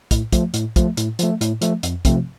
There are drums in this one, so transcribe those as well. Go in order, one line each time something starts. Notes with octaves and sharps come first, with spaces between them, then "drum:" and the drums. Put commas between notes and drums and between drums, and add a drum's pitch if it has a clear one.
A2, drum: kick, hi-hat
F3 A3, drum: kick, hi-hat
A2, drum: hi-hat
F3 A3, drum: kick, hi-hat
A2, drum: hi-hat
F3 A3, drum: hi-hat
A2, drum: hi-hat
F3 A3, drum: hi-hat
F2, drum: hi-hat
C3 F3 A3 C4, drum: kick, hi-hat